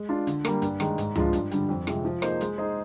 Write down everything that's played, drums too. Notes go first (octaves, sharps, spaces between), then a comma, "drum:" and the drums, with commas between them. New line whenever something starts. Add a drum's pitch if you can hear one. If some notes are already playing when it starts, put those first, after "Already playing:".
Already playing: G#3
D4 F4
D3, drum: hi-hat
G3 A#3, drum: rim click
G2, drum: hi-hat
D#3 G#3, drum: rim click
G#2, drum: hi-hat
F3 G#3 D4 F4, drum: tom
G2, drum: hi-hat
D3 G3, drum: hi-hat
F2
C3 F3 G#3, drum: rim click
F3
A#3 D#4 G#4 C5, drum: rim click
G#3, drum: hi-hat
D#4 G#4 C5